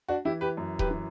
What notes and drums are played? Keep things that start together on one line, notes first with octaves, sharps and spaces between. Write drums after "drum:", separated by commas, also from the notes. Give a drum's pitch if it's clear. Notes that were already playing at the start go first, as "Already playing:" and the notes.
D4 F#4
E3 E4 G4
G4 B4
F#2
G4 B4, drum: kick D#1
E3